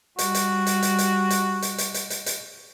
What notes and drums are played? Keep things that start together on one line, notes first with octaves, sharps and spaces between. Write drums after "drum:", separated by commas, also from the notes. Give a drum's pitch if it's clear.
G3 F#4, drum: hi-hat
drum: hi-hat
drum: hi-hat
drum: hi-hat
drum: hi-hat
drum: hi-hat
drum: hi-hat
drum: hi-hat
drum: hi-hat
drum: hi-hat
drum: hi-hat